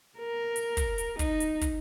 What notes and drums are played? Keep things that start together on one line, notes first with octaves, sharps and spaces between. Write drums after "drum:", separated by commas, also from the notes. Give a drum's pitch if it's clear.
A#4
drum: hi-hat
drum: kick, hi-hat
drum: hi-hat
D#4, drum: kick, hi-hat
drum: hi-hat
drum: kick, hi-hat